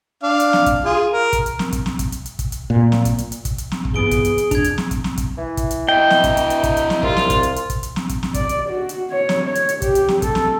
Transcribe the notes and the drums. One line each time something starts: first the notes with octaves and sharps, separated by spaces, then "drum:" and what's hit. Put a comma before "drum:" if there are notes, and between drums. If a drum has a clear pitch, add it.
D4 F5
drum: hi-hat
drum: snare
drum: kick, hi-hat
F4 G#4
A#4
drum: kick, hi-hat
drum: hi-hat
drum: snare
drum: kick, hi-hat
drum: snare
drum: kick, hi-hat
drum: hi-hat
drum: hi-hat
drum: kick, hi-hat
drum: hi-hat
A#2
drum: snare
drum: kick, hi-hat
drum: hi-hat
drum: hi-hat
drum: kick, hi-hat
drum: hi-hat
drum: snare
drum: kick
G2 E3 B3 G#4 D#6 D7 G7
drum: kick, hi-hat
drum: hi-hat
drum: hi-hat
F2 D4 G#6 F7, drum: kick, hi-hat
drum: hi-hat
drum: snare
drum: kick, hi-hat
drum: snare
drum: kick, hi-hat
E3
drum: kick, hi-hat
drum: hi-hat
E4 D#5 G5
drum: snare
drum: kick, hi-hat
drum: hi-hat
drum: hi-hat
drum: kick, hi-hat
drum: hi-hat
drum: snare
C2 F4, drum: kick
drum: snare
drum: kick, hi-hat
drum: hi-hat
drum: hi-hat
drum: kick, hi-hat
drum: hi-hat
drum: snare
drum: kick, hi-hat
drum: snare
D5, drum: kick, hi-hat
drum: hi-hat
F#4
drum: hi-hat
C#5
drum: snare
C#5
drum: hi-hat
drum: hi-hat
G4, drum: kick, hi-hat
drum: hi-hat
drum: snare
A4, drum: kick, hi-hat
drum: snare